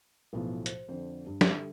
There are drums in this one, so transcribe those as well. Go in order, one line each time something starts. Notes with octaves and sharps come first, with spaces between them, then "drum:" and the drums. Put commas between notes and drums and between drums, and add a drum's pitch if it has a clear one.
B1 A2 F3 B3
C5, drum: hi-hat
F2 D3 C5
G2
D3 G3 A4 E5, drum: snare